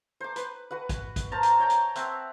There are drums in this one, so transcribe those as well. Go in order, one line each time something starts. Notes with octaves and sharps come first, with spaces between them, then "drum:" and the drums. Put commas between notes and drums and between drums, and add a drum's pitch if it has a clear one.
C5 D6
B4, drum: hi-hat
F#4 B4 F#5
drum: kick A1, hi-hat
drum: kick A1, hi-hat
A#4 C5 A5 A#5
drum: hi-hat
C#5 G5 A5 A#5
drum: hi-hat
C4 E5 F#5, drum: hi-hat